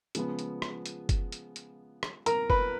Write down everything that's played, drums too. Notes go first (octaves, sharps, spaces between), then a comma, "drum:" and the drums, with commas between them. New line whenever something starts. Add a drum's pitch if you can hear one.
C#3 F3 G#3 B3, drum: hi-hat
drum: hi-hat
drum: rim click
drum: hi-hat
drum: kick F#1, hi-hat
drum: hi-hat
drum: hi-hat
drum: rim click
A#4 A#5, drum: hi-hat
B4 B5, drum: kick F#1